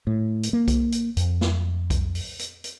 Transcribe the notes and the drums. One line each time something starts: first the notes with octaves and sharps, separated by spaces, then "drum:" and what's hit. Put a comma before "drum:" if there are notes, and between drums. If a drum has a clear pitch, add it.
A2
drum: hi-hat
A#3
drum: kick B1, hi-hat
drum: hi-hat
F2, drum: hi-hat
drum: snare
drum: kick B1, hi-hat
drum: open hi-hat
drum: hi-hat
drum: hi-hat